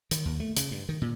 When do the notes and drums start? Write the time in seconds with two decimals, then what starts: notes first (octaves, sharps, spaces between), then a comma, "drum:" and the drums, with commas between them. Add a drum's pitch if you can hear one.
0.11 D#3, drum: hi-hat
0.25 D#2
0.40 A3
0.57 C#3, drum: hi-hat
0.71 G2
0.89 D#3
1.02 A#2